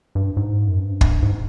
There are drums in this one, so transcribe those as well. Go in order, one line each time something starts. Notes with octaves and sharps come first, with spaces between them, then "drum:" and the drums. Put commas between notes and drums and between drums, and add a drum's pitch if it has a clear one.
G2
G#2
F#2
G2
drum: kick
G#2